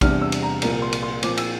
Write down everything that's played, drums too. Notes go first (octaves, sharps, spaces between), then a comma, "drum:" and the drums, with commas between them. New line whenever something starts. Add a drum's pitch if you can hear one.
E2 C3 G3 D4 F6, drum: kick, cymbal
E6
drum: cymbal
A#5
C2 A#2 F3 A#5, drum: cymbal
C6
drum: cymbal
C6
A#2 F3 C4 D6, drum: cymbal
E6, drum: cymbal